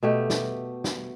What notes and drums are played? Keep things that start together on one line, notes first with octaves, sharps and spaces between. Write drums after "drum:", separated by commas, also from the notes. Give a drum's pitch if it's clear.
B2 A3 G4
drum: snare
drum: snare